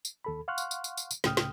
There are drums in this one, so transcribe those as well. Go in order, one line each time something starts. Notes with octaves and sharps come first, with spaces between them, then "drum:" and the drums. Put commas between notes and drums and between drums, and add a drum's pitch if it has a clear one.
drum: tambourine
D#2 A4 B5
F5 F#5 C6 C#6 F6 F#6
drum: tambourine
drum: tambourine
drum: tambourine
drum: tambourine
drum: tambourine
C#2 A2 C#3 G5 D#6 F6, drum: snare
drum: snare